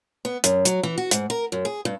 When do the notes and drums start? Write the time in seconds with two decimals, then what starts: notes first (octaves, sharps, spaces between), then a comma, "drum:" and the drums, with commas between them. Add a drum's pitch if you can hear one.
0.25 B3
0.44 F#2, drum: hi-hat
0.65 F#3, drum: hi-hat
0.83 E3
0.98 F#4
1.11 G#2, drum: hi-hat
1.30 A#4
1.52 F#2
1.65 G#4
1.85 G2